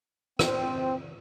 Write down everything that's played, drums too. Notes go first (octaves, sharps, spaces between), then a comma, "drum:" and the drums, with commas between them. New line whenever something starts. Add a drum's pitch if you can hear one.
C4, drum: rim click